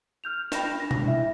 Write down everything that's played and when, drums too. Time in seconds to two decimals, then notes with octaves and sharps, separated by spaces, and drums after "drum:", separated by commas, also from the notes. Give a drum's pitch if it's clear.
0.24 F6 G6 F7
0.52 G5 B5 A#6 E7 F7, drum: snare
0.80 D4 A#6
0.91 drum: tom B2
1.04 E4 E5